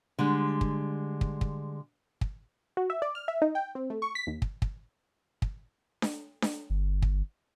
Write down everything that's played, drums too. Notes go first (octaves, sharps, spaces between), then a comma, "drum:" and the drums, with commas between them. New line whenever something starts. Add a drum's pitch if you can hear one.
D3 G3 G#3
drum: kick
drum: kick
drum: kick
drum: kick
F#4
E5
D5
F6
E5
D#4
G5
C4
A3
C#6
B6
D#2
drum: kick
drum: kick
drum: kick
drum: snare D4
drum: snare D4
G1
drum: kick